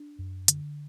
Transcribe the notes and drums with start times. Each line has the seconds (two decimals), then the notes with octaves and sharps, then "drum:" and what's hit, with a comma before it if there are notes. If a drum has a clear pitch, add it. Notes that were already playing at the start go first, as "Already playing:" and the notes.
Already playing: D4
0.19 F#2
0.48 D3, drum: hi-hat